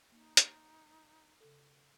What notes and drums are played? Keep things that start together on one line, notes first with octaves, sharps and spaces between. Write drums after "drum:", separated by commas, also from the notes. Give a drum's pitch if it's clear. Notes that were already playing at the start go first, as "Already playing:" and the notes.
A#3 D#4
drum: hi-hat
C#3 A4